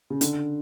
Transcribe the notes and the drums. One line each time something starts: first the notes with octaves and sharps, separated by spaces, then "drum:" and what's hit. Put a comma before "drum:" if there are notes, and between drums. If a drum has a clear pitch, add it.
C#3
D3, drum: hi-hat